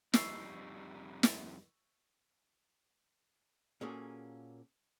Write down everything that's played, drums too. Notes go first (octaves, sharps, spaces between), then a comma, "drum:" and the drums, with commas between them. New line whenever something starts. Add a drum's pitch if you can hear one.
F2 G3 D#4 C#6 E6 C7, drum: snare
drum: snare
A#2 A#3 C#4 F#4 G#4 A4